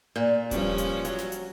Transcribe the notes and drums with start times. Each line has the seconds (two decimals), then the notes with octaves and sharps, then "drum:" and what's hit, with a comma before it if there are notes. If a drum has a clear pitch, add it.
0.16 A#2
0.51 G2 F3 C#4, drum: kick D#1, hi-hat
0.78 drum: hi-hat
1.05 F#3, drum: hi-hat
1.18 drum: snare
1.32 drum: hi-hat